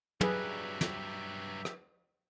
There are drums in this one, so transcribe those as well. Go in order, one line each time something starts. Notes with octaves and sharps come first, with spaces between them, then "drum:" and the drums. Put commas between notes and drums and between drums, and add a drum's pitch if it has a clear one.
G2 F#3 G4 G#4 B4 E5, drum: tom
drum: snare
drum: rim click